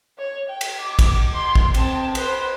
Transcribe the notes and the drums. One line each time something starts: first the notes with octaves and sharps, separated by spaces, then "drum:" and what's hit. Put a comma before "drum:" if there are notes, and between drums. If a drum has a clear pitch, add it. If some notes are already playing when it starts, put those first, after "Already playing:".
C#5
G5
drum: cymbal
D6
drum: kick, cymbal
C6
drum: kick
C4 A5, drum: cymbal
B4 C5, drum: cymbal